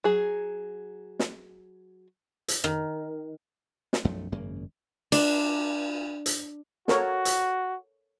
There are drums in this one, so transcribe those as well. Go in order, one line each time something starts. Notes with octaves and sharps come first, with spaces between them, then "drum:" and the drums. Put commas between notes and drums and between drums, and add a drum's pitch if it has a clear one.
F#3 G#4
drum: snare
drum: hi-hat
D#3, drum: rim click
drum: snare
B1 F#2 F3 A3
G#1 F#2 C#3 A#3
D4, drum: cymbal
drum: hi-hat
F#4 A4 A#4 C#5, drum: snare
drum: hi-hat